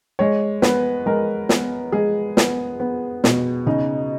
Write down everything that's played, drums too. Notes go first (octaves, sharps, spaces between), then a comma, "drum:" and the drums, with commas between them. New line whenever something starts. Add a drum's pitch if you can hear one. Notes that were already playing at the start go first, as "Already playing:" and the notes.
G#3 C#5
B3 B4, drum: snare
G#3 A#4
B3, drum: snare
G#3 G#4
B3, drum: snare
B3
B2, drum: snare
C#3 D#4